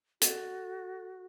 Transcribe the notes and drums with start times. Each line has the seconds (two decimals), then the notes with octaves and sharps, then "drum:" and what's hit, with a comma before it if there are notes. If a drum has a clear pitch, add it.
0.22 F#4 A4, drum: hi-hat